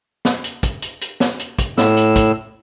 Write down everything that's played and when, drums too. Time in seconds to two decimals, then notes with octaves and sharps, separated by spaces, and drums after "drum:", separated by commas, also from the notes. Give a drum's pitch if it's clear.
0.25 drum: snare
0.44 drum: hi-hat
0.63 drum: kick, hi-hat
0.82 drum: hi-hat
1.01 drum: hi-hat
1.20 drum: snare
1.39 drum: hi-hat
1.59 drum: kick, hi-hat
1.78 A2 E6, drum: snare
1.97 drum: hi-hat
2.16 drum: kick, hi-hat